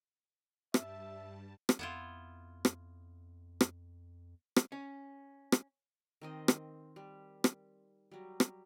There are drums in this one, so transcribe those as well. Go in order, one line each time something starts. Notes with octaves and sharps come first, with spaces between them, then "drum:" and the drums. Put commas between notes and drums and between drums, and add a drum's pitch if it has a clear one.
G2 G3 E5 A5, drum: rim click
drum: rim click
F2 B3 E4 F4
drum: rim click
drum: rim click
drum: rim click
C#4
drum: rim click
D#3 C4 D#5
drum: rim click
G3
drum: rim click
F#3 G3
drum: rim click